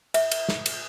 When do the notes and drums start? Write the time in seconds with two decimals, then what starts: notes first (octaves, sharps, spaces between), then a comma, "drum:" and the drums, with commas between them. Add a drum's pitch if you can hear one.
0.14 E5, drum: cymbal
0.31 drum: cymbal
0.49 drum: snare
0.66 drum: cymbal